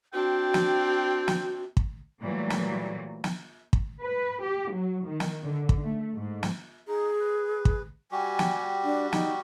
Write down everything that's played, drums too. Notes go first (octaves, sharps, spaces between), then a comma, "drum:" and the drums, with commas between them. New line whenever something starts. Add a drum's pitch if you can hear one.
C4 D4 F#4 G5
drum: snare
drum: snare
drum: kick
A#2 E3 F#3 G3 A3
drum: snare
drum: snare
drum: kick
B4
G4
F#3
D#3
drum: snare
D3
drum: kick
A3
G#2
drum: snare
D#4 G#4
B4
drum: kick
G3 F#4 G4 G#5
drum: snare
D4
D#4, drum: snare